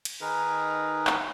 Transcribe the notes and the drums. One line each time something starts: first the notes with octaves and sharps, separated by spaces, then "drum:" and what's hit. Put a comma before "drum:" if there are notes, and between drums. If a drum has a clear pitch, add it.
drum: cymbal
D#3 D#4 G#4 A#4 B4
drum: clap